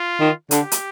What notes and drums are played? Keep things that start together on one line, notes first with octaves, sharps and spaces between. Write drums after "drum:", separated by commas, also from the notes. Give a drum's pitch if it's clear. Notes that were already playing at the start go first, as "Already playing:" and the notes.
Already playing: F4
D#3
D3 G4, drum: hi-hat
drum: hi-hat